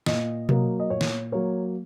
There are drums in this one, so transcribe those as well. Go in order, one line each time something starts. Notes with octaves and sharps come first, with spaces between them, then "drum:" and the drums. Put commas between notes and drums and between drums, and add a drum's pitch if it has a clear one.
A#2 D#5, drum: snare
F#3 A#3, drum: tom B2
D#5
A#2 C#5
drum: snare
F#3 A#3 C#5